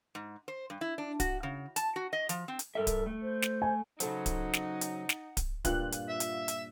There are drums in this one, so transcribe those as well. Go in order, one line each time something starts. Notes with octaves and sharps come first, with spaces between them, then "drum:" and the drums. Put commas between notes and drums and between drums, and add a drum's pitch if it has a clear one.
G#2
C5
G2
E4
D4
F#4, drum: kick D1, hi-hat
C#3
A5, drum: hi-hat
F#4
D#5
F3, drum: hi-hat
C4
drum: hi-hat
G2 A4 A#4 E5
drum: kick D1, hi-hat
A3
C5
drum: snare
G#5
C#3 F#3 D#4 A4 C5 F#5, drum: hi-hat
drum: kick D1, hi-hat
drum: snare
drum: hi-hat
drum: snare
drum: kick D1, hi-hat
G2 A#2 F4 F#6, drum: kick D1, hi-hat
drum: hi-hat
E5
drum: hi-hat
drum: hi-hat